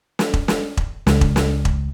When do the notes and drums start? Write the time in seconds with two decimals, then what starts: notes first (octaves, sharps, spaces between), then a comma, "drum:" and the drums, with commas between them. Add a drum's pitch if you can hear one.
0.19 drum: snare
0.34 drum: kick E1
0.48 drum: snare
0.77 drum: kick E1
1.07 C#2, drum: snare
1.21 drum: kick E1
1.36 drum: snare
1.65 drum: kick E1